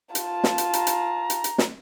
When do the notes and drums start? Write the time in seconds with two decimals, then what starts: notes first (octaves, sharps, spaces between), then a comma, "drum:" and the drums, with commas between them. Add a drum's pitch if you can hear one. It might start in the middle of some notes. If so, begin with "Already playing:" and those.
0.15 F4 A5, drum: hi-hat
0.44 drum: snare
0.58 drum: hi-hat
0.73 A#5, drum: hi-hat
0.87 drum: hi-hat
1.30 drum: hi-hat
1.44 drum: hi-hat
1.58 drum: snare